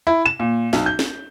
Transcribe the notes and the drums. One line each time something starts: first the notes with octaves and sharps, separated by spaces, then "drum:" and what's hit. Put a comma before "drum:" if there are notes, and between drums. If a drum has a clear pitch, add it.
E4
E7
A#2
B1, drum: snare
G6
drum: snare